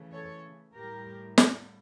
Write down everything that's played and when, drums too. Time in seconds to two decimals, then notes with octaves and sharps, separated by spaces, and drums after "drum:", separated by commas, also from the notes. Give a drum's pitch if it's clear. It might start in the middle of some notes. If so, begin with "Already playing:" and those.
Already playing: C#3 E3 A3
0.12 A4 C#5
0.74 A2 G3 G4 A#4
1.38 drum: snare